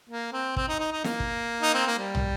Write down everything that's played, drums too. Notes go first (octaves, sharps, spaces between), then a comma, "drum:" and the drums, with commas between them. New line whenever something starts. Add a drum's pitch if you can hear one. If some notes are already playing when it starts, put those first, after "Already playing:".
A#3
C4
C4, drum: kick
D#4
D#4
D#4
A#3, drum: snare
drum: kick
D#4
C4
A#3
G3
drum: tom